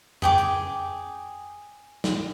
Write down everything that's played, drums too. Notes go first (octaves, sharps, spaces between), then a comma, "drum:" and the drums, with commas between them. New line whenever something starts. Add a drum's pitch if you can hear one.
G#4 G5 D6, drum: tom F2
drum: hi-hat
drum: snare